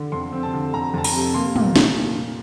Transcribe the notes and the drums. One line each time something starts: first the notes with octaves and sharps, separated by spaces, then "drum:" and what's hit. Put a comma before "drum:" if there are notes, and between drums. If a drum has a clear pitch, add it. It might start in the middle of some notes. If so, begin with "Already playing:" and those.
Already playing: D3
F2 C6
C4
A5
D3
F2 A#5
F2 A5
A#5, drum: open hi-hat
C3
A#3 C6
A#2, drum: tom
A#2, drum: snare